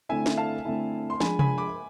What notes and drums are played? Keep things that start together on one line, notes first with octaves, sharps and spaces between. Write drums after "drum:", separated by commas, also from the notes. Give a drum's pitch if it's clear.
D3 A3 C4 E4 E5 G#5
drum: snare
F5 A5
D3 A3 C4 E4
C6
F3 G#3 D4 G#5 B5, drum: snare
G#5 B5, drum: tom C3
B5 D6